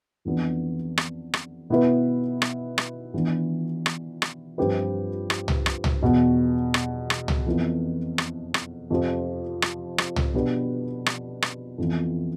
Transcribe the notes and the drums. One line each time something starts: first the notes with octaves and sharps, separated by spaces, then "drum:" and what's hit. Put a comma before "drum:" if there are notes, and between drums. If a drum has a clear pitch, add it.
F2 E3 B3 D4
drum: rim click
drum: rim click
B2 B3 E4 B4
drum: rim click
drum: rim click
E3 B3 D4
drum: rim click
drum: rim click
G2 F3 C4 G4 B4
drum: rim click
drum: tom
drum: rim click
drum: tom
E2 B2 B3
drum: rim click
drum: rim click
drum: tom
F2 E3 B3 E4
drum: rim click
drum: rim click
F2 C3 F3
drum: rim click
drum: rim click
drum: tom
B2 B3 D4 G4 B4
drum: rim click
drum: rim click
F2 E3 B3 F4